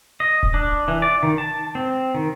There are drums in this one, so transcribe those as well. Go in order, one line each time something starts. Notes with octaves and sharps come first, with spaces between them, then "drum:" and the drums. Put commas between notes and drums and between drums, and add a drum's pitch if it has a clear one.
D#5
drum: kick D1
D4
E3
D5
D#3
A5
C4
D#3